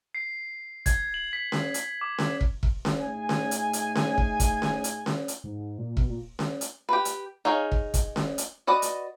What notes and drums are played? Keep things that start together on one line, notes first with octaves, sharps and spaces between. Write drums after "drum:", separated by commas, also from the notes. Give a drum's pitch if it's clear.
C7
G#6, drum: kick, hi-hat
F#7
B6
drum: snare C#4
drum: hi-hat
D6
drum: snare C#4
drum: kick
drum: kick
drum: snare C#4
A2 D#4 G#4 G#5
drum: snare C#4
drum: hi-hat
drum: hi-hat
drum: snare C#4
drum: kick
drum: kick, hi-hat
drum: snare C#4
drum: hi-hat
drum: snare C#4
drum: hi-hat
G#2
G#2
A#2
B2, drum: kick
A#2
drum: snare C#4
drum: hi-hat
G4 B4
drum: hi-hat
D#4 G#4 C#5 F5
drum: kick
drum: kick, hi-hat
drum: snare C#4
drum: hi-hat
F#4 B4 D5 D#5
drum: hi-hat